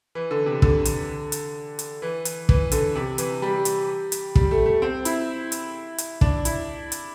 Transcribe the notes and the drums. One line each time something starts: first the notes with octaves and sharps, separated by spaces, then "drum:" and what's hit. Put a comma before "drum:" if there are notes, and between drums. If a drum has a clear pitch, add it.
E3
D3
C3
D3, drum: kick
drum: hi-hat
drum: hi-hat
drum: hi-hat
E3
drum: hi-hat
E3, drum: kick
D3, drum: hi-hat
C3
E3, drum: hi-hat
G3
drum: hi-hat
drum: hi-hat
G3, drum: kick
A3
A3
C4
E4, drum: hi-hat
drum: hi-hat
drum: hi-hat
D4, drum: kick
E4, drum: hi-hat
drum: hi-hat